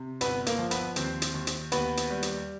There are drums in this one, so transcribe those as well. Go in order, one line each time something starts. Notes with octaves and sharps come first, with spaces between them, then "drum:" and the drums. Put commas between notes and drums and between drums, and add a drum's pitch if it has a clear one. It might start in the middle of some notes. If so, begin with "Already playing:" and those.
Already playing: C3
G1 B3 B4, drum: hi-hat
A#3 A#4, drum: hi-hat
F3
B3 B4, drum: hi-hat
D#2 C4 C5, drum: hi-hat
drum: hi-hat
D#2
drum: hi-hat
D#2 B3 B4, drum: hi-hat
drum: hi-hat
G3
drum: hi-hat